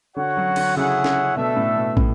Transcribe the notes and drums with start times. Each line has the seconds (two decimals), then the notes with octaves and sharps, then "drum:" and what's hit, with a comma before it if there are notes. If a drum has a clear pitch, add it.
0.16 D3 F#4 C#5 F#5
0.37 F#3
0.56 D3, drum: cymbal
0.76 C#3 E4 G#4 C#5 F#5
1.04 drum: snare
1.37 B2 A3 D4 A4 E5
1.57 A2
1.76 B2
1.97 A2, drum: kick